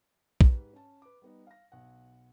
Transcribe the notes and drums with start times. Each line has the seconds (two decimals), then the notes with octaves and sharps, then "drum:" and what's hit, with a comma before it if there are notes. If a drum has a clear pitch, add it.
0.41 G#2 G4 B4, drum: kick
0.73 C#4 A5
1.02 B4 D6
1.22 G3 B3 D#4
1.47 F5 A#6
1.72 B1 F#5